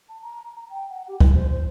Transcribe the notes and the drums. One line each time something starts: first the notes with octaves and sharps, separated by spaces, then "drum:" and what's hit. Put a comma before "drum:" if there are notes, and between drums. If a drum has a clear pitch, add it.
A5
A#5
A#5
G5
F#5
G4
E4, drum: kick
C5
C5